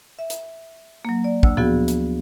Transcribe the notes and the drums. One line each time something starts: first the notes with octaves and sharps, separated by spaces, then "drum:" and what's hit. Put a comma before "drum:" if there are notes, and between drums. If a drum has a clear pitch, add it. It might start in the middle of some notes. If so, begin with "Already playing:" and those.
E5
drum: hi-hat
F#3 A#3
D5
D2 E6, drum: kick
F3 B3 F#4 G#4, drum: tom A#2
drum: hi-hat